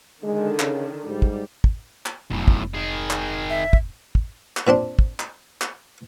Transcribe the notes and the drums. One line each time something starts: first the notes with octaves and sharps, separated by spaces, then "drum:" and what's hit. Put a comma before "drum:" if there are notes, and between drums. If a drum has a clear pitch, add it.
D3 D#3 G#3
C#3, drum: clap
G#2 G3
drum: kick
drum: kick
drum: clap
F1 B1 A2
drum: kick
D#3 G#4
drum: clap
E5
drum: kick
drum: kick
drum: clap
A#2 C4 D4 C6
drum: kick
drum: clap
drum: clap